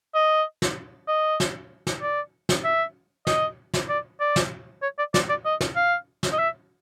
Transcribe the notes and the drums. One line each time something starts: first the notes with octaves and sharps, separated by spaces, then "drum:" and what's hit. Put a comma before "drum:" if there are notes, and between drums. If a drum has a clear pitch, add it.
D#5
drum: snare
D#5
drum: snare
drum: snare
D5
drum: snare
E5
D#5, drum: snare
drum: snare
D5
D5
drum: snare
C#5
D5
D5, drum: snare
D5
D#5
drum: snare
F5
drum: snare
D#5
E5